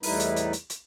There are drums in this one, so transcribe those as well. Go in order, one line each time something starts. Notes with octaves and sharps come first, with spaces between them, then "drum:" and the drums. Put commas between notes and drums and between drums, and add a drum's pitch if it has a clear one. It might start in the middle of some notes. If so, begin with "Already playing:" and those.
E2 A2 G3 D#4 E4 B4, drum: open hi-hat
drum: hi-hat
drum: hi-hat
drum: hi-hat
drum: hi-hat